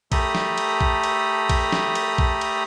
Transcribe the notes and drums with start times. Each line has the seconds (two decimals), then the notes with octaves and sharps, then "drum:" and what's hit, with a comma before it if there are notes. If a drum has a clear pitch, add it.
0.12 A3 G4 A4 A#5 B5 D#6, drum: kick A#1, cymbal
0.35 drum: snare
0.58 drum: cymbal
0.81 drum: kick A#1
1.04 drum: cymbal
1.49 drum: kick A#1, cymbal
1.72 drum: snare
1.95 drum: cymbal
2.18 drum: kick A#1
2.41 drum: cymbal